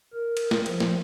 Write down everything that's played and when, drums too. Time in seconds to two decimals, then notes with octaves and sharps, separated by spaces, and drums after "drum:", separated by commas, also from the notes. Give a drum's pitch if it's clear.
0.14 A#4
0.37 drum: cymbal
0.51 drum: snare
0.66 F3, drum: cymbal
0.80 drum: snare